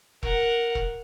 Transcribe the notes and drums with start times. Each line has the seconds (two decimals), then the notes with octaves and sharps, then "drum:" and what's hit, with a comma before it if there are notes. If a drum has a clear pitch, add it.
0.23 A#4 F#5, drum: kick E1
0.75 drum: kick E1